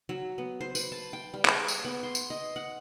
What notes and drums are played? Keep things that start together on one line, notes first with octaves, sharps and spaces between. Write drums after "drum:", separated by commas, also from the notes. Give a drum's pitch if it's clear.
F#3
B3
C5
B4, drum: tambourine
A5
G5
G3
G#4, drum: clap
drum: tambourine
B3
C6
drum: tambourine
D#5
F#5